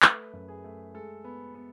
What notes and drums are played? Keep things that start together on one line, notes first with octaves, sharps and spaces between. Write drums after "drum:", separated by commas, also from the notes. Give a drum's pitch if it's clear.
A3 B4, drum: clap
F#2
G#4
A3
G#3 A4
B3
B3